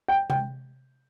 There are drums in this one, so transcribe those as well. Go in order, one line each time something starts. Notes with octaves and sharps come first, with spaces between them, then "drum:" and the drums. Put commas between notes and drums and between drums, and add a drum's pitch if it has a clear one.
G5
G5, drum: tom C3